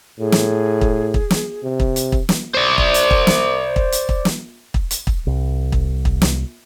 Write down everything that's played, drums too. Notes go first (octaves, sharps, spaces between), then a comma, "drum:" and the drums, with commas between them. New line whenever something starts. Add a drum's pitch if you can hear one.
A2 G#4
drum: snare
drum: kick
drum: kick
drum: snare
C3
drum: kick
drum: hi-hat
drum: kick
drum: snare
C5 D5
drum: kick
drum: hi-hat
drum: kick
drum: snare
drum: kick
drum: hi-hat
drum: kick
drum: snare
drum: kick
drum: hi-hat
drum: kick
C2
drum: kick
drum: kick
drum: snare